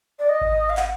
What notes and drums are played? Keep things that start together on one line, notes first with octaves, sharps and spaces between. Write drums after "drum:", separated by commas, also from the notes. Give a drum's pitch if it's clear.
D5
D#5
drum: kick G#1
F5
F#5, drum: clap